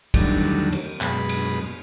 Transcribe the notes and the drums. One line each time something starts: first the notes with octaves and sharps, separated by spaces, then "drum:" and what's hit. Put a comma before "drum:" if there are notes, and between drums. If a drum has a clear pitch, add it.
E2 D3 D#3 F#3 G3 A3, drum: kick, cymbal
drum: cymbal
F#2 B2 G#3 B5, drum: clap
drum: cymbal